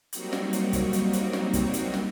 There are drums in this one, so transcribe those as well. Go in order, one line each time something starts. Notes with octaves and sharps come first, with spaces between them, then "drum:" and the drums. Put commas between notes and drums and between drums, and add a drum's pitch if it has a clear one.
F#3 G3 A#3 C4 D#4 F#4, drum: hi-hat
drum: snare
drum: hi-hat
drum: kick, hi-hat
drum: hi-hat
drum: hi-hat
drum: snare
drum: kick, hi-hat
drum: hi-hat
drum: snare